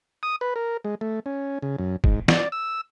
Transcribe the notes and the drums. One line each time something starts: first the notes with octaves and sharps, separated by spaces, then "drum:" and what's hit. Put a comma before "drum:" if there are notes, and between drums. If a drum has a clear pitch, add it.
D#6
B4
A#4
G#3
A3
C#4
C#3
F#2
G#2, drum: kick
D5, drum: snare
E6